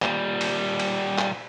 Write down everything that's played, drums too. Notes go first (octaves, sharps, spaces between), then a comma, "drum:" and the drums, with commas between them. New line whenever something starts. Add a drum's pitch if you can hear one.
A#2 G3, drum: clap
drum: cymbal
drum: cymbal
drum: clap